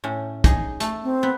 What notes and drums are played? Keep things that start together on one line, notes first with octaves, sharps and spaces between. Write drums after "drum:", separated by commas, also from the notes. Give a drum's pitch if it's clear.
A2 C#4
D#4 G#4, drum: kick, hi-hat
A3, drum: hi-hat
C4
B3